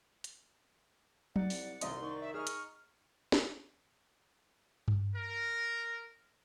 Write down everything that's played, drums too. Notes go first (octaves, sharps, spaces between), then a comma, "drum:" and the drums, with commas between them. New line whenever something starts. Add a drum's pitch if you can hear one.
drum: hi-hat
D#4 D5 F#5, drum: tom F#3
C2, drum: open hi-hat
D#1 C2 D5 D#5 C6 D#6, drum: hi-hat
D#3 D5 C#6
E5
D#4 G#4 C#6 F6
drum: hi-hat
drum: snare
drum: tom G2
A#4